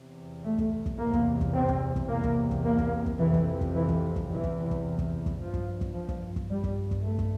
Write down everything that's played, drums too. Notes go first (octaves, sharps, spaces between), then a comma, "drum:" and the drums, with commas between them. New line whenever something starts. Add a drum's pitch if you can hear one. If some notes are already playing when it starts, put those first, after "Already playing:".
Already playing: E2 C3
A3
drum: kick
drum: kick
E2 C3 A#3
drum: kick
drum: kick
C4
drum: kick
drum: kick
E2 C3 A#3
drum: kick
drum: kick
A#3
drum: kick
drum: kick
F2 C3 E3
drum: kick
drum: kick
E3
drum: kick
drum: kick
E2 C3 E3
drum: kick
drum: kick
drum: kick
drum: kick
G2 F3
drum: kick
drum: kick
F3
drum: kick
drum: kick
G2 G3
drum: kick
drum: kick
A3
drum: kick